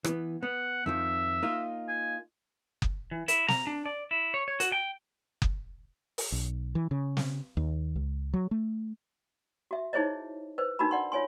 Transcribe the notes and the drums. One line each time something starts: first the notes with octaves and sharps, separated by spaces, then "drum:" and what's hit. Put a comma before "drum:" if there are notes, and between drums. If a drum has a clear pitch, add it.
E3 B3, drum: rim click
B3 F#5
F2 D#3 F3 E5
A#3 D#4 F4
G#5
drum: kick F#1
E3
E4, drum: hi-hat
A#5, drum: snare
D4
D5
E4
C#5
C#5
F#4, drum: hi-hat
G5
drum: kick F#1
drum: open hi-hat
B1
E3
C#3
drum: snare
D#2
C#2
F#3
A3
F#4 E5
D#4 E4 G#4 C5 C#5 D#5
B4 C5
D4 D#4 F#4 A#4 B5
D5 F#5 C6
F4 C#5 G#5 C6